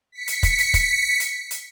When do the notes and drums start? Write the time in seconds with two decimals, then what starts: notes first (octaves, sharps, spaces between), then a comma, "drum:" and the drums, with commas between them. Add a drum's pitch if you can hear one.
0.12 B6 C#7
0.28 drum: hi-hat
0.43 drum: kick, hi-hat
0.58 drum: hi-hat
0.74 drum: kick, hi-hat
1.20 drum: hi-hat
1.51 drum: hi-hat